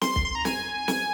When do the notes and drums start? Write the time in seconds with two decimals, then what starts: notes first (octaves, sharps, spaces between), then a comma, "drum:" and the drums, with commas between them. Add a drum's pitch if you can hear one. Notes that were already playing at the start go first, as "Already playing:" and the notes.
0.02 C6, drum: snare
0.16 drum: kick
0.25 C6
0.35 A#5
0.45 G#5, drum: snare
0.88 drum: snare